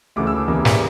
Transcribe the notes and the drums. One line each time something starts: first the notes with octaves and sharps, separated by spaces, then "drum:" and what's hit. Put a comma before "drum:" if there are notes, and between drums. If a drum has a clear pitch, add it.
D2 C#3 E3 A3 D6
E6
D6
E2 C#3 E3 G3 A#3
drum: snare